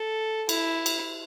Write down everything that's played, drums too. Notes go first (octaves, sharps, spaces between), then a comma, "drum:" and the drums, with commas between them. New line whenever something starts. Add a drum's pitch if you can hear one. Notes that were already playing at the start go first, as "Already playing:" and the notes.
Already playing: A4
E4, drum: cymbal
drum: cymbal